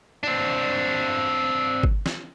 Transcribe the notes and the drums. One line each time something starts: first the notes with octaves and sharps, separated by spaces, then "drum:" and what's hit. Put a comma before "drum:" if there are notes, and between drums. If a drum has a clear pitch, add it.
C4 D4
drum: kick G1
drum: snare